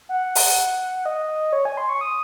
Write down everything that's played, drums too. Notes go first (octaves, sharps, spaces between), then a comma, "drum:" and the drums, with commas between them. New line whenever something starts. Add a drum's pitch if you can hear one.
F#5
drum: open hi-hat
D#5
C#5
G#5
C6
C#6
D#6